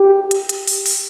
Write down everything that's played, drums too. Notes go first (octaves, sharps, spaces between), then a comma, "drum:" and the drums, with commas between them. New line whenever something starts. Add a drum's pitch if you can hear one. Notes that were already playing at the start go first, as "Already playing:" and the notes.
Already playing: G4
drum: hi-hat
drum: hi-hat
drum: open hi-hat
drum: open hi-hat